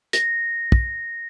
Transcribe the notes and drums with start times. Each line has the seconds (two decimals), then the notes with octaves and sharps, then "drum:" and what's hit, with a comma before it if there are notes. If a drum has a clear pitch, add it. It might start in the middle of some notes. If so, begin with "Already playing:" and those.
0.13 A#6, drum: hi-hat
0.72 drum: kick